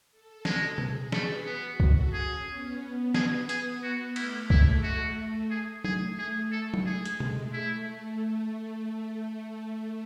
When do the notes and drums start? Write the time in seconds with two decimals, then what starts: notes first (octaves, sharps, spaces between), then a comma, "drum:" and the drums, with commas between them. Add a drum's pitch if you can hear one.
0.11 A4
0.45 G#3 A4, drum: snare
0.78 G#4, drum: tom B2
1.12 A3 B4, drum: snare
1.46 B3 F#4
1.80 A4, drum: kick
2.14 C#4 G#4
2.47 B3
3.14 B3 G#4, drum: snare
3.49 G#4, drum: hi-hat
3.83 B3 F#4
4.16 A3 E4, drum: cymbal
4.50 G#3 E4, drum: kick
4.83 A3 F#4
5.50 G#4
5.84 A3 G#4, drum: tom F#3
6.18 A3 G#4
6.52 A4
6.74 drum: tom F#3
6.86 G#3 G#4
7.06 drum: hi-hat
7.20 A3, drum: tom B2
7.53 A3 E4